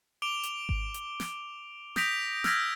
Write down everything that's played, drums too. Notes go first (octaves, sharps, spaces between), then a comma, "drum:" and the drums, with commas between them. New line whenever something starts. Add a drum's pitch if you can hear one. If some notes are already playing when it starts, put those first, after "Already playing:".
D6 D7 F7 G7
drum: hi-hat
drum: kick G#1
drum: hi-hat
drum: snare
D#6 G6 A#6 B6 D7 F7, drum: snare
E6 F6 G6 G#6 A#6 B6, drum: snare